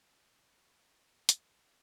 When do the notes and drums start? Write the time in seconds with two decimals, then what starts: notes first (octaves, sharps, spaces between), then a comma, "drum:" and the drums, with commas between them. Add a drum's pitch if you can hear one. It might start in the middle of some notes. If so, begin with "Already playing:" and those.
0.09 B2 G#5
0.48 C#4 B5
0.59 C#6
0.68 B5
0.89 A#3 C#6
1.29 C#4 D#6, drum: hi-hat